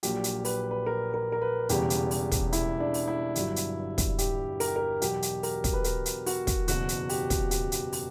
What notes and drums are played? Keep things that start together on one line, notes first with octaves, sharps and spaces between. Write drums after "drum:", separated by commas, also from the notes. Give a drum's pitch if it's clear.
A#1 A#2 F#3 G4, drum: hi-hat
drum: hi-hat
B4, drum: open hi-hat
B4
A#4
A#4
A#4
B4
E1 E2 C#3 G3 G4, drum: hi-hat
drum: hi-hat
drum: open hi-hat
drum: kick, hi-hat
E4, drum: hi-hat
D4
drum: open hi-hat
E4
G1 G2 F#3, drum: hi-hat
drum: hi-hat
drum: kick, hi-hat
G4, drum: hi-hat
A#4, drum: open hi-hat
G4
A#4
E2 B2 F#3 G4, drum: hi-hat
drum: hi-hat
A#4, drum: open hi-hat
drum: kick, hi-hat
B4
A#4, drum: hi-hat
drum: hi-hat
F#4, drum: open hi-hat
drum: kick, hi-hat
F#1 E2 B2 F#4, drum: hi-hat
drum: hi-hat
G4, drum: open hi-hat
drum: kick, hi-hat
G4, drum: hi-hat
drum: hi-hat
drum: open hi-hat